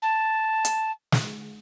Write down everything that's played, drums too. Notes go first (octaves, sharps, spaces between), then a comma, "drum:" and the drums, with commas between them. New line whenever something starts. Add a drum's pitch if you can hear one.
A5
drum: hi-hat
drum: snare